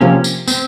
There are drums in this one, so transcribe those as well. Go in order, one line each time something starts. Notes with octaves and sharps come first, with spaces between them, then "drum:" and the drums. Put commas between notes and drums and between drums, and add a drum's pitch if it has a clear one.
C3 F3 A#3 C#4
drum: tambourine
C4, drum: tambourine